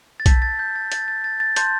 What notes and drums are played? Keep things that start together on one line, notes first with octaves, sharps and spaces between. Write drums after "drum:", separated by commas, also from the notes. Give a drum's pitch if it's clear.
A6
A5 E6 G6 B6, drum: kick B1, hi-hat
A6
G6
A6
A6, drum: hi-hat
A6
A6
A6
A5 C6 F#6 G6, drum: hi-hat